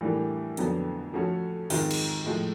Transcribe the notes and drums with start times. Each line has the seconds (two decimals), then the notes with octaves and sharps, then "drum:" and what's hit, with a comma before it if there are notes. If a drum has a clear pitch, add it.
0.01 A2 E3 G3 A#3 D4
0.57 F2 D3 F#3 B3 D4, drum: hi-hat
1.13 F3 A3 C#4 F#4 A4
1.70 G#2 D#3 G#3 C4 F4, drum: open hi-hat
1.91 drum: cymbal
2.26 A2 F3 G#3